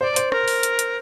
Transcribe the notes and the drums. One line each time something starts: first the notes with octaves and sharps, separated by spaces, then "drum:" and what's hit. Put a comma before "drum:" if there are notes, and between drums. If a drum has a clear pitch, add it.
C5 D5
C5, drum: hi-hat
A#4, drum: rim click
drum: open hi-hat
drum: hi-hat
drum: hi-hat